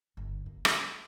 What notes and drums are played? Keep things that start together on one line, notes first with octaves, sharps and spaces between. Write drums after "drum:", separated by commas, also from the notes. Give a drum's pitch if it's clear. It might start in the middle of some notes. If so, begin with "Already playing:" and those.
G1
A#3
drum: rim click